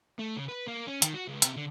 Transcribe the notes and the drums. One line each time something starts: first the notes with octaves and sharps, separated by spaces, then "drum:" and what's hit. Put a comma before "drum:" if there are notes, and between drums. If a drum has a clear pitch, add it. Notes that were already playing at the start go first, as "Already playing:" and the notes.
A3
C#3
B4
A#3
C#4
D#3, drum: hi-hat
F#4
C#2
C3, drum: hi-hat
D3